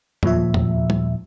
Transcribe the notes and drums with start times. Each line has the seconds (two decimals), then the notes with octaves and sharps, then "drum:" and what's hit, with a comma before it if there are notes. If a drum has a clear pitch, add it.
0.23 D#2 A#2 F3 E5, drum: tom
0.54 drum: tom
0.90 drum: tom G3